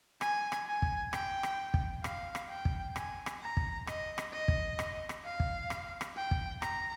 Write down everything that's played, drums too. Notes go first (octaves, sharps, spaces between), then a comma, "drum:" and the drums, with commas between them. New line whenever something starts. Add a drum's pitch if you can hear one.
G#5, drum: rim click
drum: rim click
G#5
drum: kick
G5, drum: rim click
drum: rim click
drum: kick
F5, drum: rim click
drum: rim click
G5
drum: kick
G#5, drum: rim click
drum: rim click
A#5
drum: kick
D#5, drum: rim click
drum: rim click
D#5
drum: kick
drum: rim click
drum: rim click
F5
drum: kick
drum: rim click
drum: rim click
G5
drum: kick
A#5, drum: rim click